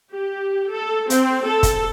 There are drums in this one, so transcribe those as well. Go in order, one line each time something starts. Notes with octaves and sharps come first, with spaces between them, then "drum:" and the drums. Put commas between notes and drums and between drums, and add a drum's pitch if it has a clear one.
G4
A4
C4, drum: hi-hat
A4
drum: kick, hi-hat